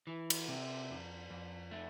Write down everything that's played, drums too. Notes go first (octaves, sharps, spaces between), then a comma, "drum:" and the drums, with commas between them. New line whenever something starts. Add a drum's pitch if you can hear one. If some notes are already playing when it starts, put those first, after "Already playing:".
E3
drum: cymbal
C3
F2
F2
A3